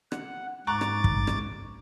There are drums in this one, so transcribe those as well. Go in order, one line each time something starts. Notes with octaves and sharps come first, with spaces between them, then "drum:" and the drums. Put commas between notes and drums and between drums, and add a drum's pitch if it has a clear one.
F#5, drum: rim click
G#2 A#5 C#6 D6 F#6 A6
drum: rim click
drum: kick
drum: rim click